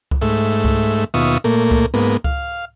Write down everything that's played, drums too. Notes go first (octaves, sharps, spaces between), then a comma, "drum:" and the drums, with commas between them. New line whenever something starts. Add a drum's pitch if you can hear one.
drum: kick C#2
G#2 A3 E5
drum: kick C#2
D#2 B2 F4 E5 C#6 D#6
A#2 A3 A#3
drum: kick C#2
G#2 A#3 B3
F5, drum: kick C#2